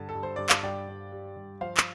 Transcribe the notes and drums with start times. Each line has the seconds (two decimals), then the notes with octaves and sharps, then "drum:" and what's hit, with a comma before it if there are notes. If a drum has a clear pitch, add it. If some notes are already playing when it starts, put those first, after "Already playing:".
Already playing: G2 D3 A5
0.09 A4
0.15 G2
0.23 C5
0.36 G2 D5
0.49 F5, drum: clap
0.63 G2 D5 G5
0.88 G2
1.12 G3
1.37 G2
1.61 F3 C5 F5
1.77 drum: clap